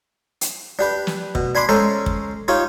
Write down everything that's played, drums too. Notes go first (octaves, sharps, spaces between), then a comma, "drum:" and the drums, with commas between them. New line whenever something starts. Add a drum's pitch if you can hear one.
drum: hi-hat
D4 G4 B4
drum: snare
B2, drum: kick
D4 G#5 B5 C6 D6
G#3 C#4 A4 C5 A#5
drum: kick
D#4 F4 G4 C#5